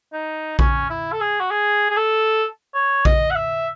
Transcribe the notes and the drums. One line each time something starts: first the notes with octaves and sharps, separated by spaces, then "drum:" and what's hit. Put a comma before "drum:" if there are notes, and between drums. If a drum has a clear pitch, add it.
D#4
C#4, drum: kick A#1
E4
A4
G#4
F#4
G#4
G#4
A4
C#5
D#5, drum: kick A#1
F#5
E5